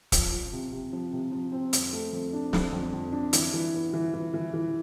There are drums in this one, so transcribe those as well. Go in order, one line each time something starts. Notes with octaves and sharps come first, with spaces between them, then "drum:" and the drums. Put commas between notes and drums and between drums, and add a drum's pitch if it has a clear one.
F3, drum: kick, hi-hat
F3
C3
C3
F3
C3
F3
C4
F2, drum: hi-hat
A3
F2
D4
F2, drum: snare
F2
F2
D4
E3, drum: hi-hat
E3
B3
E3
E3
E3
E3